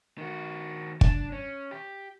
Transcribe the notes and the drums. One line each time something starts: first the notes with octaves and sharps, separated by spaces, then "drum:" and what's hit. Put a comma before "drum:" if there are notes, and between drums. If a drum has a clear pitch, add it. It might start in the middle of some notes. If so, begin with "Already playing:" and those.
D#3 F#4
D4, drum: kick
C#4
G4